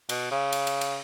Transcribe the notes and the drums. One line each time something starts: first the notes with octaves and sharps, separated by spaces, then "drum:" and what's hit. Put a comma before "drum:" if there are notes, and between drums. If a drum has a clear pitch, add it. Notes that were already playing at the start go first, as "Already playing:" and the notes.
B2, drum: cymbal
C#3
drum: cymbal
drum: cymbal
drum: cymbal